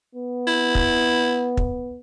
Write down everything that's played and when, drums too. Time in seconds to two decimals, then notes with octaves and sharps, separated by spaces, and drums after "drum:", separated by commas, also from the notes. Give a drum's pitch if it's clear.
0.15 B3
0.48 E4
0.75 drum: kick
1.57 drum: kick